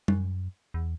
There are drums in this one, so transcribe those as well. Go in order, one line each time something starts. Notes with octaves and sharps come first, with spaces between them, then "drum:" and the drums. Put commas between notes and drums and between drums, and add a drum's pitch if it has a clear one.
F#2, drum: tom G3
E2